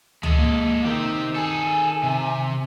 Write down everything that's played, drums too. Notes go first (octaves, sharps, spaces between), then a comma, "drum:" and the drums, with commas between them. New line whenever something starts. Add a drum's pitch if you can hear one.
G#3 A4, drum: tom C#2
A#3
D#3 C4 D#4 G4 A#4
G#4 A4 G#5
C3